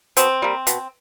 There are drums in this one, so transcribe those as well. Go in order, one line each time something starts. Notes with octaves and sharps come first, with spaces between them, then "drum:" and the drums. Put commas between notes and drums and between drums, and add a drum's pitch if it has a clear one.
B2 C4, drum: hi-hat
G3 A#3
B2, drum: hi-hat